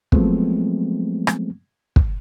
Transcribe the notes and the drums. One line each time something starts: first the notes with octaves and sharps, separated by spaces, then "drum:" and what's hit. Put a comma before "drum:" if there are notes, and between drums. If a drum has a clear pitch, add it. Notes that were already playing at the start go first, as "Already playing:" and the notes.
F3 F#3 G#3 A3 B3 C4, drum: kick
drum: rim click
drum: kick